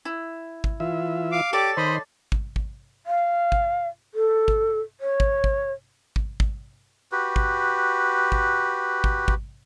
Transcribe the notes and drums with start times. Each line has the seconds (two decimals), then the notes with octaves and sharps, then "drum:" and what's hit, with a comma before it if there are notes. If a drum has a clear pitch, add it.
0.05 E4
0.64 drum: kick
0.80 E3 F4 E5
1.32 F5 D6
1.53 G4 A4 C#5 D5 D6
1.77 D#3 C5 D#5 B5 C6
2.32 drum: kick
2.56 drum: kick
3.06 F5
3.52 drum: kick
4.14 A4
4.48 drum: kick
5.00 C#5
5.20 drum: kick
5.44 drum: kick
6.16 drum: kick
6.40 drum: kick
7.12 F#4 G4 B4
7.36 drum: kick
8.32 drum: kick
9.04 drum: kick
9.28 drum: kick